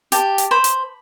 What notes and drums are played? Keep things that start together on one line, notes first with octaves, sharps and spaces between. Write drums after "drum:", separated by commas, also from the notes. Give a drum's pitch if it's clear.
G4 A5, drum: hi-hat
drum: hi-hat
C5 B5
drum: hi-hat